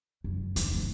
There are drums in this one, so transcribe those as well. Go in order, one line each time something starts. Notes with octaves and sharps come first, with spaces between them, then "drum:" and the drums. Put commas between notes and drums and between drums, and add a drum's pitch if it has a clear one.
F#2
D#2, drum: hi-hat
D#2 A3